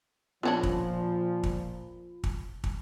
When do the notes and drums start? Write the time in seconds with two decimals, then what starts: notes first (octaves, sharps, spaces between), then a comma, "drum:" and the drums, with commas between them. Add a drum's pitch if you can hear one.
0.43 A#2 F3 B3 C#4 D4 F4
0.63 drum: kick
1.43 drum: kick
2.24 drum: kick
2.64 drum: kick